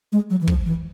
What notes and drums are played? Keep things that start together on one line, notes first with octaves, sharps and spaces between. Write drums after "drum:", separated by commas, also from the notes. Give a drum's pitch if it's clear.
G#3
F#3
E3
F3, drum: kick
E3